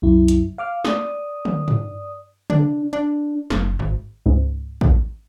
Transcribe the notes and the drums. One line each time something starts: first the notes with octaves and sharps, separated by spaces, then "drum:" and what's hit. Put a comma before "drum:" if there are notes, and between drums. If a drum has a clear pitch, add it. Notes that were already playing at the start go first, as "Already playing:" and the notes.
C2 F#2 E4
drum: hi-hat
F5 D6 F6
D5 D#6, drum: snare
drum: tom
drum: tom
D4, drum: tom
D4
F#1, drum: snare
G#1
C#2 G#2
drum: kick